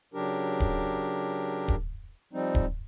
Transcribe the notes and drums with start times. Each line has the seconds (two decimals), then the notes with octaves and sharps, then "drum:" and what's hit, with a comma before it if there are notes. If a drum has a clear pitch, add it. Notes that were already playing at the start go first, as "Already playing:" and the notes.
0.14 C#3 F#3 D4 G4 A#4
0.60 drum: kick D1
1.68 drum: kick D1
2.33 F3 G3 C4 D#4
2.55 drum: kick D1